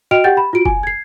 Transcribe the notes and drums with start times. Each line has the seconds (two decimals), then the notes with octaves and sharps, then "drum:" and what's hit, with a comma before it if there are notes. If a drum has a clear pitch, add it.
0.11 F#4 D#5 G5 F6 D7 F7
0.24 G4 F#5 G5 G6 A6
0.37 B5
0.53 F4 F#4 D7
0.65 G#5, drum: kick F1
0.83 G#6 C7